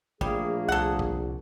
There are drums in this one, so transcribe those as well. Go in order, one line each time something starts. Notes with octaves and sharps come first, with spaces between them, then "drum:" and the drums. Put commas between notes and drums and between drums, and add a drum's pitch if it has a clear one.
A#1 G3 A3 A#3 G#4, drum: kick
C2 A4 F#5
drum: kick